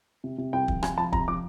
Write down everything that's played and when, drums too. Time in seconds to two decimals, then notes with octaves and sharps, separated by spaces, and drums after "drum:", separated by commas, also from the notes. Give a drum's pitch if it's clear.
0.24 C3
0.38 C3
0.53 C2 G5
0.68 F3, drum: kick
0.83 C3 G#5, drum: rim click
0.98 F3 A5
1.13 C3 A#5, drum: kick
1.28 F3 D6